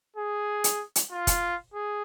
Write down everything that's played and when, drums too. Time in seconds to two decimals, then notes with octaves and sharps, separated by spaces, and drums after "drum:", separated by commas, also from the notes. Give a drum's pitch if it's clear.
0.16 G#4
0.64 drum: hi-hat
0.96 drum: hi-hat
1.12 F4
1.27 drum: kick, hi-hat
1.74 G#4